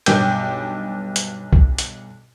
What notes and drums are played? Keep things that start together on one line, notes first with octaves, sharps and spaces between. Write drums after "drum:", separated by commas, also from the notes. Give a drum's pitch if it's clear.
B1 G2 B3 G5 D6 G6, drum: cymbal
drum: hi-hat
drum: kick C2
drum: hi-hat